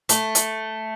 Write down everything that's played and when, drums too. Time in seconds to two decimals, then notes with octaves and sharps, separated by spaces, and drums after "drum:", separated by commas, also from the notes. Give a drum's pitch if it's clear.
0.09 A3, drum: hi-hat
0.35 drum: hi-hat